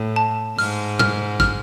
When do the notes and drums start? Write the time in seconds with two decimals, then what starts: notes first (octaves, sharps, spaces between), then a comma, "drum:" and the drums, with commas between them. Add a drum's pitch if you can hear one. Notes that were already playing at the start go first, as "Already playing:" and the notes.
Already playing: A2
0.16 A5
0.59 G#2 F6, drum: open hi-hat
0.99 F6, drum: tom
1.40 F6, drum: kick